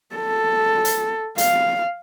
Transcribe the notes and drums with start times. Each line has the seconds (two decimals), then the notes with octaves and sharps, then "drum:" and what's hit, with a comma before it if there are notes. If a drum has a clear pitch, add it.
0.15 A4
0.85 drum: hi-hat
1.38 F5, drum: hi-hat